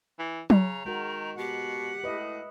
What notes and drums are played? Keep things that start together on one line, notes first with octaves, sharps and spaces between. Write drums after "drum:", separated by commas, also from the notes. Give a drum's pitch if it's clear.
E3
C#3 A#5, drum: tom F#3
D#3 G#3 F#4 A#4
B2 G4 F#5
A2 B4 D#5 E5